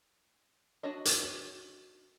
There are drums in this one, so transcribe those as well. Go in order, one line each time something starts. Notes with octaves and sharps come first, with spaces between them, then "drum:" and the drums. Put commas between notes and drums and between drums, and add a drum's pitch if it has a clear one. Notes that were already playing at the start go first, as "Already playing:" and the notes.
D4 F#4 C#5 D#5
drum: hi-hat